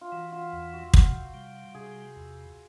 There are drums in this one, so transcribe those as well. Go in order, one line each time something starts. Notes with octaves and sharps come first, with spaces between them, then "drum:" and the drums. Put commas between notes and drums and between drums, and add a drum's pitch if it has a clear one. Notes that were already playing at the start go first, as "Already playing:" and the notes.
F4
E3 F#4
F4
E2
F#4
C3, drum: kick
G3
C3 G#4
E2